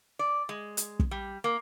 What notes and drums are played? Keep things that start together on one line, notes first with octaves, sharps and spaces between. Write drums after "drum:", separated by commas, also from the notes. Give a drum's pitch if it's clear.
D5
G#3
drum: hi-hat
drum: kick
G3
A#3